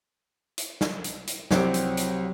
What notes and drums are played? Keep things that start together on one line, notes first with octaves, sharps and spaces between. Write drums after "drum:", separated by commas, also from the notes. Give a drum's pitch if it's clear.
drum: hi-hat
drum: snare
drum: hi-hat
drum: hi-hat
C2 F#3 C4 G4, drum: snare
drum: hi-hat
drum: hi-hat